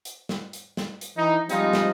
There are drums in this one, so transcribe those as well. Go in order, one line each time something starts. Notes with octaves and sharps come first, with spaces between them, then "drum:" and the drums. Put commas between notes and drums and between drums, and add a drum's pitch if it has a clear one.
drum: hi-hat
drum: snare
drum: hi-hat
drum: snare
drum: hi-hat
E3 D#4
F3 G3 G#3 C4 D#4 F4, drum: hi-hat
drum: snare